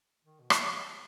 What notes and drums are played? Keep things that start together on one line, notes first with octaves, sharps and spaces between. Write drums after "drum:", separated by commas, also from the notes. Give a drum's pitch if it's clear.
D#3
B2
drum: rim click